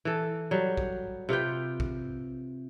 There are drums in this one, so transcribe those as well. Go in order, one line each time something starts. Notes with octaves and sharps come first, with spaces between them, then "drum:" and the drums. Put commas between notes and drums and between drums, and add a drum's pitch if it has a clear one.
E3 A4
F#3 G3
drum: kick A#1
C3 F4 B4 G5
drum: kick A#1